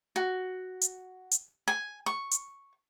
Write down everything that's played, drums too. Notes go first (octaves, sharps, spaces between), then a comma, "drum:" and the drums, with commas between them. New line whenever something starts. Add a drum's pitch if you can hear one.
F#4
drum: hi-hat
drum: hi-hat
G#5
C#6
drum: hi-hat